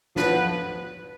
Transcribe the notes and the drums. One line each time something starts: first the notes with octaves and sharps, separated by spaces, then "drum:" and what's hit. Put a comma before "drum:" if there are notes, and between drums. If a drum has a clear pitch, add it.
A2 F3 B3 B4, drum: snare